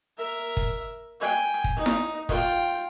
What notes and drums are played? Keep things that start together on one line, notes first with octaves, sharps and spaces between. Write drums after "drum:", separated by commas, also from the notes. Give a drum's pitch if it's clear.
A#4 E5
drum: kick
G5 G#5
drum: kick
D#4
drum: snare E4
F4 G5, drum: kick